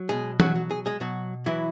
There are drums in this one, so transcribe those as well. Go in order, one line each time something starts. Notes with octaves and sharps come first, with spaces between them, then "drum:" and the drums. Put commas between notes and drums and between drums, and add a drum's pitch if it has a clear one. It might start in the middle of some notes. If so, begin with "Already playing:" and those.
Already playing: F#3
B2 G#3 G#4
F#3 F#4, drum: tom E3
F#3
G#4
G#3 G#4
B2 F#3 F#4
E3 F#3 E4